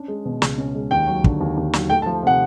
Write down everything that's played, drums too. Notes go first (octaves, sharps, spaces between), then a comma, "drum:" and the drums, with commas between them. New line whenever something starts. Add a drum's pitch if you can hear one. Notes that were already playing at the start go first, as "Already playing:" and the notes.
Already playing: C#4 D4
G#3
B2
C#2, drum: snare
C#4
G#3
D#2 G5
F#3
D3, drum: kick
D#2
D#2
F#3, drum: snare
A3 G5
A5
F3
C3 F#5